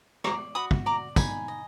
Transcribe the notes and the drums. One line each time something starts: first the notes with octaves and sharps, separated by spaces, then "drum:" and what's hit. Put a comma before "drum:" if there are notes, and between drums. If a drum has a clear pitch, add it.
D5 A#5 D6, drum: rim click
F#4 B5 D#6
drum: kick
D5 A#5 D6
D#4 G#5 B5, drum: kick, tambourine
D#5